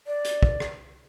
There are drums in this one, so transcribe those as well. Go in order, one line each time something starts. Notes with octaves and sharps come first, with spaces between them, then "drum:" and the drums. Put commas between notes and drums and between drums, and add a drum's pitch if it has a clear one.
D5
drum: hi-hat
drum: kick
drum: rim click